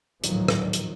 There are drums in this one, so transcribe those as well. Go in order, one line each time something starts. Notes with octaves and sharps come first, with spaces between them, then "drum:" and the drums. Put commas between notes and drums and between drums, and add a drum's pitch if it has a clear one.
G#1 D2 A2 D#3 F3 F#3, drum: hi-hat
drum: rim click
drum: hi-hat